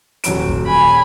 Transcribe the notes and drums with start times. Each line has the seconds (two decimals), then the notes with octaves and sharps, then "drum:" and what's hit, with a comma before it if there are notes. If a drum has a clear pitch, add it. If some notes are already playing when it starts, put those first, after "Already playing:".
0.24 D#1 F#3 D7, drum: hi-hat
0.49 drum: kick
0.65 G#5 B5